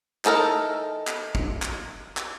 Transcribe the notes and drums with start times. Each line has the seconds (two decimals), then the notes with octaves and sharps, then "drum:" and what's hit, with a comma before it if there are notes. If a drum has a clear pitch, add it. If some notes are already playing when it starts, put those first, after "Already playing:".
0.25 E3 D#4 A4 A#4 A5, drum: clap
1.07 drum: clap
1.35 drum: kick
1.62 drum: clap
2.17 drum: clap